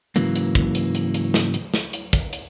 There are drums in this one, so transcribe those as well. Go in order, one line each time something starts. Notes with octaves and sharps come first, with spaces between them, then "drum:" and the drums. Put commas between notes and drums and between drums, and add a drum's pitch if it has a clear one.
G#2 C#3 E3 F#3 A#3, drum: hi-hat
drum: hi-hat
drum: kick
drum: hi-hat
drum: hi-hat
drum: hi-hat
drum: snare
drum: hi-hat
drum: snare
drum: hi-hat
drum: kick, hi-hat
drum: hi-hat